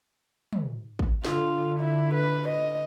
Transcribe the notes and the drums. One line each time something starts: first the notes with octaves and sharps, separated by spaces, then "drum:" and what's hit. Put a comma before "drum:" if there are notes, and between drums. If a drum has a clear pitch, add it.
drum: tom
drum: kick
D3 F4, drum: snare
E4
B4
D#5